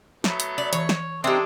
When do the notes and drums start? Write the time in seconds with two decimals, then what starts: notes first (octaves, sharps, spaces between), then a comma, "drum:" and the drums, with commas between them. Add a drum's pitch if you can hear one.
0.24 F#3 A3 B3, drum: snare
0.40 drum: hi-hat
0.58 D5
0.73 E3 C#5, drum: hi-hat
0.89 drum: snare
1.24 G#3 C4 D4 D#4 G4 A4 E5